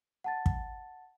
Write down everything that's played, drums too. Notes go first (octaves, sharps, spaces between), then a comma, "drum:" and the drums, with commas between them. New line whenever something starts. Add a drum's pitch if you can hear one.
F#5 A5 A6
drum: kick